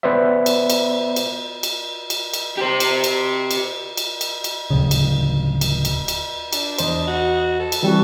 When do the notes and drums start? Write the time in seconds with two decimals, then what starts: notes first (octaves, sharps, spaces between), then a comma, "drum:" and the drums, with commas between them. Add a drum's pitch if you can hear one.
0.03 B3 B4 C5 D5 E5
0.46 drum: cymbal
0.70 drum: cymbal
1.16 drum: cymbal
1.63 drum: cymbal
2.10 drum: cymbal
2.34 drum: cymbal
2.58 G4 C5
2.80 drum: cymbal
3.04 drum: cymbal
3.51 drum: cymbal
3.97 drum: cymbal
4.21 drum: cymbal
4.44 drum: cymbal
4.70 D1 C#3
4.91 drum: cymbal
5.61 drum: cymbal
5.85 drum: cymbal
6.08 drum: cymbal
6.53 D4, drum: cymbal
6.78 E2 C5 D#5, drum: cymbal
7.07 F#4
7.59 A4
7.72 drum: cymbal
7.83 E3 G3 C4 F#4 A4